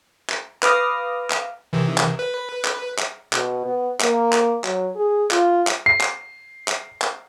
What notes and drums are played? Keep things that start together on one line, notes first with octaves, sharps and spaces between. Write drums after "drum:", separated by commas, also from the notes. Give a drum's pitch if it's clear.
drum: clap
B4 F5 D6 D#6 F6 A#6, drum: clap
drum: clap
C3 D#3 E3
drum: clap
B4
drum: clap
drum: clap
B2, drum: clap
B3
A#3, drum: clap
drum: clap
F#3, drum: clap
G#4
F4, drum: clap
drum: clap
C7
drum: clap
drum: clap
drum: clap